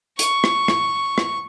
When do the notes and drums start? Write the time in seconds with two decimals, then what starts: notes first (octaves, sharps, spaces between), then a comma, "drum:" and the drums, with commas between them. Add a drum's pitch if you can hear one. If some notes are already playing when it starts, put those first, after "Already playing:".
0.19 C#6, drum: hi-hat
0.44 drum: rim click
0.68 drum: rim click
1.18 drum: rim click